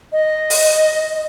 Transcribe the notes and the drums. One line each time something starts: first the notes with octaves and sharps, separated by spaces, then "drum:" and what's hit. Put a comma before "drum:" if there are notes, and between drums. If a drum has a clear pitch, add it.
D#5
drum: open hi-hat